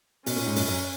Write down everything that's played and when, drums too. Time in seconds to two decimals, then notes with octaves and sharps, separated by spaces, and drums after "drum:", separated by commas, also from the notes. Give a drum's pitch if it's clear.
0.26 B2 C#4, drum: open hi-hat
0.36 A#2
0.46 G#2
0.56 F#2 A#2, drum: open hi-hat
0.68 F#2